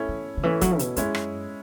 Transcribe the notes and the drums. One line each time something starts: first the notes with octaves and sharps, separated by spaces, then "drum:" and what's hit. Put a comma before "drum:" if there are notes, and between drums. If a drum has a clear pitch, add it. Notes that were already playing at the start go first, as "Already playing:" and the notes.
Already playing: A3 C#4 E4
E3
D3
E3 A3 C#4 E4
F#3, drum: kick, hi-hat
B2, drum: hi-hat
F#2 G#3 C#4 E4, drum: hi-hat
drum: rim click